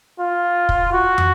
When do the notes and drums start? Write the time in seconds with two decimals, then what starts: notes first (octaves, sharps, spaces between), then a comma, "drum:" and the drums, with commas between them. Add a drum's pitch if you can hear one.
0.20 F4
0.69 drum: kick
0.93 F#4
1.18 drum: tom